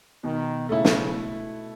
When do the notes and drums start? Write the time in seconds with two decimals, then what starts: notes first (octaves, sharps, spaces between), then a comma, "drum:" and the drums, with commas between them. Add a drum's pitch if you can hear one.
0.23 B2 D#3
0.69 C#3 A3 E4
0.85 drum: snare